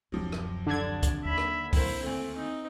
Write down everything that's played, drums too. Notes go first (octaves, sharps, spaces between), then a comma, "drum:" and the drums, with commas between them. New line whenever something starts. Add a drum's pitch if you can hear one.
D1 F#2 C3 F3 F#3
drum: rim click
D3 D4 G#6
drum: kick C2, hi-hat
D#2 E5 B5
drum: rim click
C4 E4 A#4 C5, drum: kick C2, open hi-hat
D2 A3 C4
C4 D#4